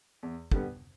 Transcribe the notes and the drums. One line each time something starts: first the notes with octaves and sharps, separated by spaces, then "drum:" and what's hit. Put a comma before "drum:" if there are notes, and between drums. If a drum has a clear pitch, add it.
E2
D3 G3 B3, drum: kick